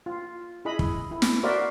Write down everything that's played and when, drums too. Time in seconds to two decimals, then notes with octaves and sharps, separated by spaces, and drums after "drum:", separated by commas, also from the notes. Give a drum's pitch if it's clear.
0.06 F4
0.65 E4 G#4 D#5 B5
0.79 drum: kick
1.11 E4
1.22 drum: snare
1.43 F#4 A#4 C5 D5 E5 F5